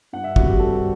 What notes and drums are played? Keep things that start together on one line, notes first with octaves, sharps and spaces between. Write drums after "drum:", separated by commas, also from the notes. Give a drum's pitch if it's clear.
G2 F#5
E5
D3 G3 C4 F#4, drum: kick
G4
G2 A4